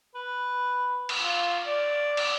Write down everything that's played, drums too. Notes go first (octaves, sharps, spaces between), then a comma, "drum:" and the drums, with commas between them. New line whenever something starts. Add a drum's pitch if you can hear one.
B4
drum: cymbal
F4
D5
drum: cymbal